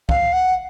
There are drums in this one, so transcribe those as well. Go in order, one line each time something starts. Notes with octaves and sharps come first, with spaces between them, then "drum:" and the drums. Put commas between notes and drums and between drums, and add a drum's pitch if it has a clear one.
F5, drum: kick
F#5